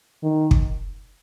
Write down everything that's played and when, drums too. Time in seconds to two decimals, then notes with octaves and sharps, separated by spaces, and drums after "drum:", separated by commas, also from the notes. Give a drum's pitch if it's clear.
0.23 D#3
0.51 drum: kick